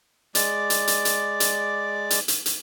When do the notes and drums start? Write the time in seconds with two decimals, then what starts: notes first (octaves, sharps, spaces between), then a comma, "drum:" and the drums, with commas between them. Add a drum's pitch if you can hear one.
0.35 G#3 D5 D6, drum: hi-hat
0.70 drum: hi-hat
0.87 drum: hi-hat
1.05 drum: hi-hat
1.40 drum: hi-hat
2.10 drum: hi-hat
2.28 drum: hi-hat
2.46 drum: hi-hat